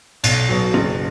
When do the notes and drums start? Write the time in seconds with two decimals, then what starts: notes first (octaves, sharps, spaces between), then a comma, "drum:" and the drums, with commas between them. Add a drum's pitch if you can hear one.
0.24 B1, drum: cymbal
0.49 B2 F#3
0.74 F#1